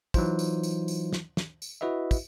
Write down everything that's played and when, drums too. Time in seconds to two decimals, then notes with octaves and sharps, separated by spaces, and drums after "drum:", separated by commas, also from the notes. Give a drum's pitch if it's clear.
0.14 E3 F#3 D#4 F4 C5, drum: kick, tambourine
0.39 drum: tambourine
0.63 drum: tambourine
0.88 drum: tambourine
1.13 drum: snare
1.37 drum: snare
1.62 drum: tambourine
1.81 E4 F#4 B4 D#5 E5
2.11 drum: kick, tambourine